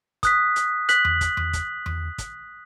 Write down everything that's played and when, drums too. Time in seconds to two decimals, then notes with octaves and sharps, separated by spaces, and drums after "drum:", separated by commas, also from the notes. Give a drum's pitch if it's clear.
0.23 D#6 F#6 B6, drum: kick, hi-hat
0.56 drum: hi-hat
0.89 F#6 B6 F#7, drum: hi-hat
1.05 drum: tom E2
1.21 drum: kick, hi-hat
1.37 drum: tom E2
1.53 drum: kick, hi-hat
1.86 drum: tom E2
2.18 drum: kick, hi-hat